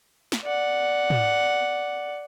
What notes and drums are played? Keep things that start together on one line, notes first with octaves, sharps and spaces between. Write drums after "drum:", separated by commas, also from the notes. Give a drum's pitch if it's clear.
drum: snare
D5 F#5
drum: tom